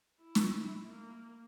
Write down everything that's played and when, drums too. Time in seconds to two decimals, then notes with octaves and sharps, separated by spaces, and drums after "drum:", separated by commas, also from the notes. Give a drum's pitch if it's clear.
0.22 E4
0.35 drum: snare
0.89 A#3